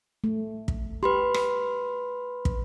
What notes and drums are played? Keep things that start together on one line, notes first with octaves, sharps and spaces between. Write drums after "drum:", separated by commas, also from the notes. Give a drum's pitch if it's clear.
A3
drum: kick
G4 B4 B5 C6
drum: rim click
drum: kick